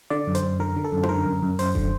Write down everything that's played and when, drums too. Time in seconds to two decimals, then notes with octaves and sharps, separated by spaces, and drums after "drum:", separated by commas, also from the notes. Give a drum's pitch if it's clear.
0.10 D3 D5
0.27 F#2
0.35 C5, drum: hi-hat
0.43 F#2
0.60 D3 A#4
0.76 D3
0.85 A4
0.92 F#2
1.03 C5, drum: tom D#4
1.09 D3 A#4
1.26 F#2
1.43 F#2
1.59 F#2 C5, drum: open hi-hat
1.75 D3, drum: kick E1